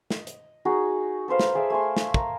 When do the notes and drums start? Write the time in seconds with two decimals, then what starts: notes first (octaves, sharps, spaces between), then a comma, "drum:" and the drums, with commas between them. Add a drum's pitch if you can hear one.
0.11 D#5, drum: snare
0.27 drum: hi-hat
0.65 D#4 F#4 G#4
1.28 A4 B4 C5 F5
1.39 drum: snare
1.55 G#4 D5 E5 F5
1.70 A3 G#5 C6
1.97 drum: snare
2.14 A#4, drum: kick